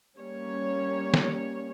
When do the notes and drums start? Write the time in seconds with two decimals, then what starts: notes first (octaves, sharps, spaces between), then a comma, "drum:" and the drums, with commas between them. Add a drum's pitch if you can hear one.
0.18 G3 A#3 C#4 C#5
1.14 drum: snare